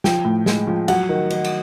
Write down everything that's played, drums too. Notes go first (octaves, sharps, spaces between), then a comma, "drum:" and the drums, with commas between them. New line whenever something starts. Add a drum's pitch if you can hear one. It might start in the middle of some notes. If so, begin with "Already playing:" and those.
F3 G5, drum: snare
A2
G#3, drum: snare
F3
F#3 F#5, drum: cymbal
D#3
D#3, drum: cymbal
drum: cymbal